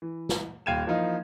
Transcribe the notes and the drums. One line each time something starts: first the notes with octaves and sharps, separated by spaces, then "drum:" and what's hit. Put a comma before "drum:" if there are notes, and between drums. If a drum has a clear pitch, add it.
E3
drum: snare
D#1 F5 G5 G#6 D#7 E7
E3 F3 A#3 D#4 F4